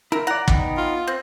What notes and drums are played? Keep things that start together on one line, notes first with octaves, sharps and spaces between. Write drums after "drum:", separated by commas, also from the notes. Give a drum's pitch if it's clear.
E4 A#4
D5 F#5 A#5
B3 D#4 G5, drum: kick
F4
C4